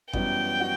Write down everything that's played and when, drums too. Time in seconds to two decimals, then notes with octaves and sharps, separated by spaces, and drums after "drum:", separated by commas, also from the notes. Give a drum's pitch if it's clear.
0.13 F#2 E3 G3 B3 F#4 G5, drum: kick G1
0.60 B3 F#4